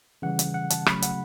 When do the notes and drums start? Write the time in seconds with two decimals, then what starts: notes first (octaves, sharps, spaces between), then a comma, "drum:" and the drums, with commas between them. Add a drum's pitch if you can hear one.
0.22 C#3 E3 G3 F#5
0.39 drum: hi-hat
0.54 F#5
0.70 A5, drum: hi-hat
0.86 C#3 F#3 A3 B5, drum: rim click
1.02 F#5, drum: hi-hat